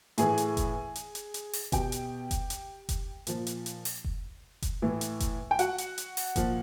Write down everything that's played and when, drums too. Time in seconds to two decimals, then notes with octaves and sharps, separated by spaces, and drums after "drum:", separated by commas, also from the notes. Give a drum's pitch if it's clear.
0.18 A2 E3 G#4 G#5, drum: hi-hat
0.38 drum: hi-hat
0.57 drum: kick F1, hi-hat
0.95 drum: hi-hat
1.15 drum: hi-hat
1.34 drum: hi-hat
1.53 drum: open hi-hat
1.72 B2 G4 G5, drum: kick F1, hi-hat
1.92 drum: hi-hat
2.31 drum: kick F1, hi-hat
2.50 drum: hi-hat
2.89 drum: kick F1, hi-hat
3.27 A#2 F3, drum: hi-hat
3.47 drum: hi-hat
3.66 drum: hi-hat
3.85 drum: open hi-hat
4.04 drum: kick F1
4.62 drum: kick F1, hi-hat
4.82 A2 E3
5.01 drum: hi-hat
5.20 drum: kick F1, hi-hat
5.51 G5
5.59 F#4 F#5, drum: hi-hat
5.78 drum: hi-hat
5.98 drum: hi-hat
6.17 drum: open hi-hat
6.36 A#2 F3, drum: kick F1, hi-hat